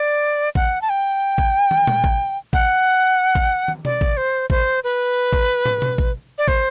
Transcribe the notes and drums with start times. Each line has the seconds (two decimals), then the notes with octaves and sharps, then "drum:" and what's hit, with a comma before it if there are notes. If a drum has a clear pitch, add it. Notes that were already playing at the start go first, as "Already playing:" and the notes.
Already playing: D5
0.55 F#5, drum: kick
0.82 A5
0.89 G5
1.38 drum: kick
1.71 drum: tom
1.87 drum: tom A#2
2.04 drum: kick
2.53 F#5, drum: kick
3.35 drum: kick
3.68 drum: tom
3.85 D5, drum: tom B2
4.01 drum: kick
4.17 C5
4.50 C5, drum: kick
4.84 B4
5.33 drum: kick
5.65 drum: tom
5.82 drum: tom B2
5.98 drum: kick
6.38 D5
6.48 C5, drum: kick